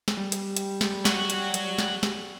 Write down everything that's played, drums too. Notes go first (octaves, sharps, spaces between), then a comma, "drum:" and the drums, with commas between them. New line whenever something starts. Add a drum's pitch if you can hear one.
drum: snare
G3
drum: hi-hat
drum: hi-hat
drum: snare
F#3 F#4, drum: snare
drum: hi-hat
drum: hi-hat
drum: snare
drum: snare